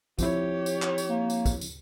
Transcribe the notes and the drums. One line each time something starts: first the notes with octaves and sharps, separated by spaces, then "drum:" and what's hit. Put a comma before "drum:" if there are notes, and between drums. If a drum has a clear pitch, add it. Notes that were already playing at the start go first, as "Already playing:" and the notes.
F3 C4 E4 G4 C#5, drum: kick, tambourine
drum: tambourine
drum: clap
drum: tambourine
A#3
drum: tambourine
drum: kick, tambourine
drum: tambourine